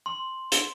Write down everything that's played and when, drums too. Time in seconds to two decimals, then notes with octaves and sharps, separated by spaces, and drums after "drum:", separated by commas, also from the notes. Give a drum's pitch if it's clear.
0.06 C6
0.52 drum: hi-hat